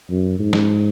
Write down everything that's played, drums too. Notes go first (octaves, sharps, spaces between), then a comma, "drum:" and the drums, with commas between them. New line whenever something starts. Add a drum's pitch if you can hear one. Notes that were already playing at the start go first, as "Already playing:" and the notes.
F#2
G#2
drum: snare